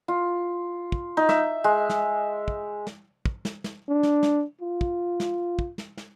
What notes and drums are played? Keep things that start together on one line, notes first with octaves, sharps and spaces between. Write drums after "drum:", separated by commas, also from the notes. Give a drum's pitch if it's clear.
F4
drum: kick
D#4
E5, drum: snare
G#3
drum: snare
drum: kick
drum: snare
drum: kick
drum: snare
drum: snare
D4
drum: snare
drum: snare
F4
drum: kick
drum: snare
drum: kick
drum: snare
drum: snare